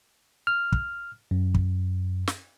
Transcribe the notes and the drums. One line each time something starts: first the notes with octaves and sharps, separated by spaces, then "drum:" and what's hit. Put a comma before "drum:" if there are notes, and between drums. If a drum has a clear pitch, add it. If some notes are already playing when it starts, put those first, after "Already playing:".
F6
drum: kick
F#2
drum: kick
drum: snare